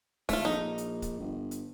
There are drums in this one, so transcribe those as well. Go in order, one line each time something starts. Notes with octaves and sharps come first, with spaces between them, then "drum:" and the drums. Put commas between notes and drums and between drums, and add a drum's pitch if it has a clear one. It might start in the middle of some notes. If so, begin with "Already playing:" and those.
G#1 A3 F4, drum: kick C#1, open hi-hat
A#1 D#4
drum: hi-hat
drum: kick C#1, hi-hat
G1
drum: hi-hat